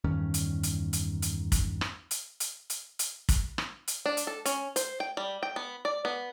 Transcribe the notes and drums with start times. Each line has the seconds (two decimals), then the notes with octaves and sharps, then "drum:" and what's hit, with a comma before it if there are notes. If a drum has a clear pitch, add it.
0.04 E2 G2 D#3 C#4
0.34 drum: hi-hat
0.63 drum: hi-hat
0.93 drum: hi-hat
1.22 drum: hi-hat
1.52 drum: kick, hi-hat
1.81 drum: rim click
2.11 drum: hi-hat
2.40 drum: hi-hat
2.70 drum: hi-hat
2.99 drum: hi-hat
3.29 drum: kick, hi-hat
3.58 drum: rim click
3.88 drum: hi-hat
4.06 D4
4.17 drum: hi-hat
4.27 A4
4.46 C#4, drum: hi-hat
4.76 C5, drum: hi-hat
5.00 G5
5.17 G3
5.43 G5
5.56 B3
5.85 D5
6.05 B3